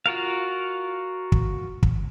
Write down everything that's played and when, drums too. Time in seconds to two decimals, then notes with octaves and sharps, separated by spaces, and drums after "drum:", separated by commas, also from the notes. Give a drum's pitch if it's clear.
0.06 F4 F#4 A#4 F5
1.32 drum: kick
1.83 drum: kick